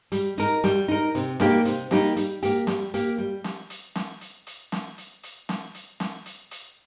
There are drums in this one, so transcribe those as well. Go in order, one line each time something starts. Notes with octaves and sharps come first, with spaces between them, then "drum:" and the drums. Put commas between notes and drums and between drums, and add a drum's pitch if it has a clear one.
G3, drum: hi-hat
D#4 A#4, drum: hi-hat
G3, drum: snare
D#4 A#4
C3, drum: hi-hat
G3 A#3 D#4 G4, drum: snare
C3, drum: hi-hat
G3 A#3 D#4 G4, drum: snare
G3, drum: hi-hat
A#3 G4, drum: hi-hat
G3, drum: snare
A#3 G4, drum: hi-hat
G3
drum: snare
drum: hi-hat
drum: snare
drum: hi-hat
drum: hi-hat
drum: snare
drum: hi-hat
drum: hi-hat
drum: snare
drum: hi-hat
drum: snare
drum: hi-hat
drum: hi-hat